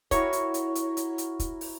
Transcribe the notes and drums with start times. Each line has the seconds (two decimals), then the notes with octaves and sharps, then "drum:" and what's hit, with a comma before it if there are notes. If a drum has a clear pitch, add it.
0.11 E4 F#4 A#4 C#5, drum: kick, hi-hat
0.33 drum: hi-hat
0.54 drum: hi-hat
0.75 drum: hi-hat
0.97 drum: hi-hat
1.18 drum: hi-hat
1.40 drum: kick, hi-hat
1.61 drum: open hi-hat